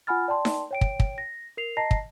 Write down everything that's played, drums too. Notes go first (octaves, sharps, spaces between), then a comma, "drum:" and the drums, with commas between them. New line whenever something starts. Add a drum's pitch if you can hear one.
F4 F#5 G#5 B5 F6 A6
D5 G5 A5 C6
drum: snare D#4
C#5 G5 D7
drum: kick
drum: kick
A#6
A#4 C7 F7
D#5 A5 A#5 A#6 C7
drum: kick